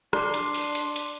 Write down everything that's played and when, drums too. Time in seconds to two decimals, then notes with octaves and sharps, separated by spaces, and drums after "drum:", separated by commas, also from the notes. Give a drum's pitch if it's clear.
0.13 D4 C6, drum: rim click
0.34 drum: hi-hat
0.54 drum: open hi-hat
0.75 drum: hi-hat
0.96 drum: hi-hat